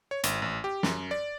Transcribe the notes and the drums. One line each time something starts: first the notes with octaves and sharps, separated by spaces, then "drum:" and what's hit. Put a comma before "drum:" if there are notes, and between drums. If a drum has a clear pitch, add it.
C#5
G#1, drum: hi-hat
A1
G4
F#2, drum: snare
D5